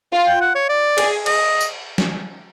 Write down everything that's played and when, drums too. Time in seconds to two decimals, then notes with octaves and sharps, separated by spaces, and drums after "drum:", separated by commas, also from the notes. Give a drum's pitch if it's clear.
0.12 F4
0.27 G5
0.41 F#5
0.55 C#5
0.69 D5
0.98 G#4, drum: cymbal
1.26 D#5, drum: cymbal
1.61 drum: tambourine
1.98 drum: snare